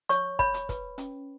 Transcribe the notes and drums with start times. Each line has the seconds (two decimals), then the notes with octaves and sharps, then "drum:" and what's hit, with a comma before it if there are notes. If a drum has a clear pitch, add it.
0.09 C#5 C#6, drum: hi-hat
0.39 C#5 B5, drum: kick
0.54 drum: hi-hat
0.69 B4, drum: kick, hi-hat
0.98 C#4, drum: hi-hat